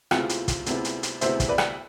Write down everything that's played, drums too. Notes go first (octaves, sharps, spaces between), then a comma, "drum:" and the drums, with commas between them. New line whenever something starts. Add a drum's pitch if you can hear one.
D2 C3 G#3 B3 E4 F4, drum: rim click
drum: hi-hat
drum: kick, hi-hat
D2 C3 G#3 B3 E4, drum: hi-hat
drum: hi-hat
drum: hi-hat
D2 C3 G#3 B3 E4 C5 E5, drum: hi-hat
drum: kick, hi-hat
B4 D5
drum: rim click